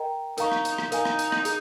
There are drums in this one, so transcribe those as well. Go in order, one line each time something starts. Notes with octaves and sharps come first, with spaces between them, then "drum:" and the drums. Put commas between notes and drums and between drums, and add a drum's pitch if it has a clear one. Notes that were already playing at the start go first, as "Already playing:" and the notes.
Already playing: A#4 D#5 G5 A#5
D#4 A#4 F5 A#5 C#6, drum: hi-hat
drum: rim click
drum: hi-hat
drum: rim click
D#4 A#4 F5 G#5, drum: hi-hat
drum: rim click
drum: hi-hat
drum: rim click
G#4, drum: hi-hat